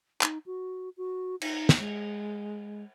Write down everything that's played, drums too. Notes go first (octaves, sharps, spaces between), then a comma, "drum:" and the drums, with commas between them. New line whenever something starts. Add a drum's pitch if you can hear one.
D#4, drum: clap
F#4
F#4
D#4, drum: cymbal
drum: snare
G#3